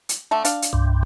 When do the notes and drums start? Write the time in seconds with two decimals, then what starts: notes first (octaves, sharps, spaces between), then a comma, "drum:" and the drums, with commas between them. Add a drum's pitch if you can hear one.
0.09 drum: hi-hat
0.31 D3 A3 A4
0.45 D4 F5, drum: hi-hat
0.62 drum: hi-hat
0.73 C2 G2